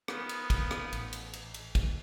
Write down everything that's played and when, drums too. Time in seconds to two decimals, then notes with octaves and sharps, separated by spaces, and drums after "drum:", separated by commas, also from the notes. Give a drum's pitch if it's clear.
0.08 D#3 F3 B3, drum: rim click
0.29 drum: cymbal
0.50 drum: kick, cymbal
0.71 drum: rim click
0.92 A1, drum: cymbal
1.13 drum: cymbal
1.33 drum: cymbal
1.54 drum: cymbal
1.75 drum: kick, cymbal